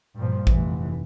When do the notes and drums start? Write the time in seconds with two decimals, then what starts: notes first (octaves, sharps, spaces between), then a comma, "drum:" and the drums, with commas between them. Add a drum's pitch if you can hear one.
0.16 G2 A#2 F3
0.47 F1 E3, drum: kick A1